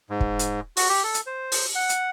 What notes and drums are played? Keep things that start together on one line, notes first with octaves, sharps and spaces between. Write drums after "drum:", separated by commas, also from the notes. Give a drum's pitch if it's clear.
G#2
drum: kick
drum: hi-hat
F#4, drum: open hi-hat
G4
A4
drum: hi-hat
C5
drum: open hi-hat
F#5
drum: hi-hat